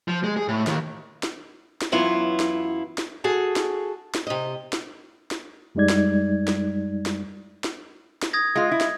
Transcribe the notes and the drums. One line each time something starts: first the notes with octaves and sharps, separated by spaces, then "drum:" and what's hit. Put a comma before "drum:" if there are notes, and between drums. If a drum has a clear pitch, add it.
F3
G#3
G#4
A2
D#2, drum: snare
drum: snare
drum: snare
F#2 E3 F#3 B3 E4 F4
drum: snare
drum: snare
F#4 G#4 A4 A5
drum: snare
drum: snare
C3 D#5
drum: snare
drum: snare
F#2 G3 G#3 D#4 D5 G#6
drum: snare
drum: snare
drum: snare
drum: snare
drum: snare
D#6 G#6 A#6
G#3 F4
E4
drum: snare